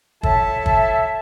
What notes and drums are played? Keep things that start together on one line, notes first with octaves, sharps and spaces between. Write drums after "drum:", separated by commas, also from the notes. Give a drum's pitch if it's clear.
A4 C#5 E5 A5, drum: kick
drum: kick